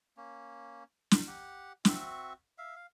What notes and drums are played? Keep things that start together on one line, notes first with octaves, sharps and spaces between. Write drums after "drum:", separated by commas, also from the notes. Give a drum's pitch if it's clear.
A#3 C#4
drum: snare
G4 F#5
C4 F#4 E5 C#6, drum: snare
E5 F5
F5